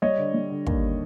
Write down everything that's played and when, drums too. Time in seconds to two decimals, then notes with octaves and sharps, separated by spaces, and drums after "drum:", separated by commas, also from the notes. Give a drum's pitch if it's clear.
0.02 G3 C#5 D#5
0.18 D3
0.34 G3
0.50 D3
0.67 D#2, drum: kick